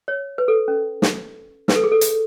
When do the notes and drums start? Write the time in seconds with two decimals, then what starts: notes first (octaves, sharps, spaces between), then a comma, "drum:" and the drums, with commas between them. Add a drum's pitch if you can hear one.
0.08 C#5
0.38 B4
0.48 A4
0.68 C#4
1.02 drum: snare
1.68 B4, drum: snare
1.76 A4
1.84 G#4
1.92 A4
2.01 drum: hi-hat